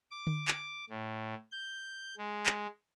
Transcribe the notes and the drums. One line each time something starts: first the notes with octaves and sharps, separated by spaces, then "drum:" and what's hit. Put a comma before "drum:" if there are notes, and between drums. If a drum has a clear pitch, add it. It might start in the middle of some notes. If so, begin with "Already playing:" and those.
D6
drum: tom D3
drum: clap
A2
G6
G#3
drum: clap